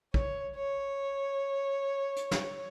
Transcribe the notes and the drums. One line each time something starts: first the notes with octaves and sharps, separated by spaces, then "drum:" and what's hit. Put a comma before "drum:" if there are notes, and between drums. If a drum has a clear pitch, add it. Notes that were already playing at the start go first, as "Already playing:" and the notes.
C#5, drum: kick A#1
C#5
drum: hi-hat
drum: snare